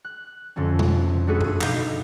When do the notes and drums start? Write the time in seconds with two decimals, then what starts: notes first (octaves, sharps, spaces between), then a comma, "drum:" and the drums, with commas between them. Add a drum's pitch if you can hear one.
0.05 F#6
0.56 F2 D3 A3 C#4
0.79 drum: tom B2
1.27 A3 D4 F#4 G#4 A4 B4
1.41 drum: tom F#2
1.61 B2 D#4 F5 G6, drum: clap